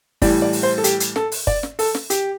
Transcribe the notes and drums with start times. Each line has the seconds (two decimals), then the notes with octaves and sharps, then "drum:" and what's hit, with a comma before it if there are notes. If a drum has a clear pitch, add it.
0.22 A2 E3 G3 D5, drum: kick, open hi-hat
0.42 D5
0.53 drum: open hi-hat
0.63 C5
0.78 A4
0.84 G4, drum: hi-hat
1.00 drum: hi-hat
1.16 A4, drum: snare
1.32 drum: open hi-hat
1.47 D5, drum: kick
1.63 drum: snare
1.79 A4, drum: open hi-hat
1.95 drum: snare
2.10 G4, drum: hi-hat